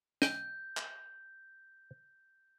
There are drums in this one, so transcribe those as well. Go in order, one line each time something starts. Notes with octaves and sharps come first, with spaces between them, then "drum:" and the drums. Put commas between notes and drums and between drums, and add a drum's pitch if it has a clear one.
D#5 G5 G6, drum: snare
drum: clap